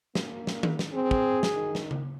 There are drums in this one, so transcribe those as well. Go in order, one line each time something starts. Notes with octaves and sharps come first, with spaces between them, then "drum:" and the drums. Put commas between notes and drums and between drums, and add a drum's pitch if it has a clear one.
A#3, drum: snare
drum: snare
drum: tom D#3
drum: snare
C4 G#4
drum: kick
drum: snare
D#3
drum: snare
drum: tom C#3